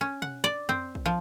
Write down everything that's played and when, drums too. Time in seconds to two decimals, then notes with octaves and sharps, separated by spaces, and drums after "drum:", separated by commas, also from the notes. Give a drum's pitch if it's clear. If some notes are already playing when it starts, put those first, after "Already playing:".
0.01 C#4
0.22 F#5, drum: tom
0.44 D5
0.69 C4, drum: tom
0.95 drum: kick B1
1.06 F3